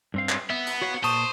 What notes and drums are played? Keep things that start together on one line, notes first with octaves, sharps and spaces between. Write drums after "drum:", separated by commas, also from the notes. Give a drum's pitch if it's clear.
G2 C4 F5
drum: clap
B3 E5
drum: cymbal
F#4 C#5 F5
A#2 C5 A5 C#6 D#6 D#7, drum: cymbal